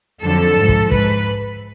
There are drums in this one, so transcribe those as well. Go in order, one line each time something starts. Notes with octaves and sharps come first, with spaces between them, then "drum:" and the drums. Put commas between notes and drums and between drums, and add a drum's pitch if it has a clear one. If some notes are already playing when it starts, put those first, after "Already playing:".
F2 D3 F#3 A4
G#2 F3
drum: kick
G#2 B4, drum: kick